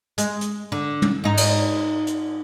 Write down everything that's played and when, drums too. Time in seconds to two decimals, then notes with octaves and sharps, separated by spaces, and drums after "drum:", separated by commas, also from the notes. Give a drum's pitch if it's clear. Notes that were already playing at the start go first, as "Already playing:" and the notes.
0.18 G#3, drum: hi-hat
0.41 drum: hi-hat
0.72 D3
1.02 drum: tom
1.24 G#2 D#4
1.37 drum: cymbal
2.07 drum: hi-hat